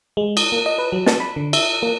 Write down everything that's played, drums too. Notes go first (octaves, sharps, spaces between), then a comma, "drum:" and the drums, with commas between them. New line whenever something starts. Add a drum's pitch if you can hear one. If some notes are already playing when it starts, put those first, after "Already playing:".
G#3
D#6, drum: cymbal
A#3
D#5
B4
F#3
A5, drum: snare
B5
D3
E5, drum: cymbal
A#3